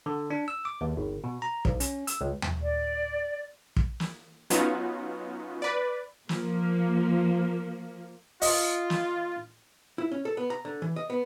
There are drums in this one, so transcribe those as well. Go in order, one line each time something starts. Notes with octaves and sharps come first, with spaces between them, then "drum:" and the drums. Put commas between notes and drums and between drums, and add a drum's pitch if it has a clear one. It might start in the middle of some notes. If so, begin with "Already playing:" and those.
D3
D4
E6
D6
D#2
G1
B2
A#5
B1, drum: kick
C#4, drum: hi-hat
E6, drum: hi-hat
C#2
drum: tom D#2
D5
drum: kick
drum: snare
F#3 B3 C#4 D#4 F4 F#4, drum: hi-hat
B4 D5
F3 A#3, drum: snare
F4 D#5, drum: open hi-hat
drum: snare
E4
C#4
A4
B3
A#5
D3
E3
D#5
B3